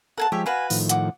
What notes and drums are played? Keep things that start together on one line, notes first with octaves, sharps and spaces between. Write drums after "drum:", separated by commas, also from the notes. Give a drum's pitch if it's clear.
A4 A#4 F#5 G#5 A5
F3 G#3 G4 C#5 E5
F#4 B4 F5 G#5
A2 D#3 F3, drum: open hi-hat
F#5 D6, drum: hi-hat